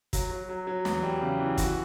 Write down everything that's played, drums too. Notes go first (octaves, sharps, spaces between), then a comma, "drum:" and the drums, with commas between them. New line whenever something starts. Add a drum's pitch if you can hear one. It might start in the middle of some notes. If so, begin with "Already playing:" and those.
F#3, drum: kick, hi-hat
F#3
F#3
F#3
E2, drum: snare
G3
C#3
E3
F#4, drum: kick, hi-hat